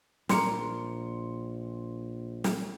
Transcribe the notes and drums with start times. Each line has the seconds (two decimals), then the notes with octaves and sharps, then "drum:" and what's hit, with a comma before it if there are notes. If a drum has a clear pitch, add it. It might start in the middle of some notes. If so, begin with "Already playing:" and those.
0.29 A#1 A#4 D5 C6 C#7, drum: snare
2.44 drum: snare